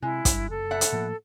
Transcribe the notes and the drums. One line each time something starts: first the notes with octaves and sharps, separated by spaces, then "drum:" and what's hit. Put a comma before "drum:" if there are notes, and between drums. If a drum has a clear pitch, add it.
C3 G#3 E4
G2, drum: kick, hi-hat
F#1 A4
B2 E5 F#5
drum: hi-hat
A2 F3 A#3